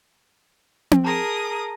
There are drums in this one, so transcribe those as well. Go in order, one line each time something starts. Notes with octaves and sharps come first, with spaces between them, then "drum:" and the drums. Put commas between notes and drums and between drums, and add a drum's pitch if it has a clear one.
drum: tom C4
G#4 A#4 A5 A#5 D#6 A#6